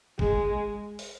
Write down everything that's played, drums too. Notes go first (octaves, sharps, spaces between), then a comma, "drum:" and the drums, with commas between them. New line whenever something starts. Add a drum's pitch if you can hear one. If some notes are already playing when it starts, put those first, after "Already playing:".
G#3, drum: kick
drum: open hi-hat